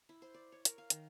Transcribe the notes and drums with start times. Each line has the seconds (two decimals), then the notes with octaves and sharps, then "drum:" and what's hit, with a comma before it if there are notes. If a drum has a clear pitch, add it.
0.09 E4
0.22 C5
0.34 D5
0.52 C#5
0.65 A#4, drum: hi-hat
0.78 F5
0.90 D#3, drum: hi-hat